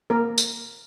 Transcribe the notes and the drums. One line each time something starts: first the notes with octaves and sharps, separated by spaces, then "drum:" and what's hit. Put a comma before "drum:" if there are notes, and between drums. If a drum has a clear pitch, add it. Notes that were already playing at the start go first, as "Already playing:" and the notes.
A#3 A#4
drum: tambourine